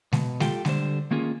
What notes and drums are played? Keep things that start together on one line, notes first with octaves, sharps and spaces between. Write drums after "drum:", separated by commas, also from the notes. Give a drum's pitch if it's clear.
B2, drum: snare G#3
F4 G4 A4 G5, drum: snare G#3
D3 G3 C5, drum: snare G#3
D#3 A#3 C#4 F4 G#4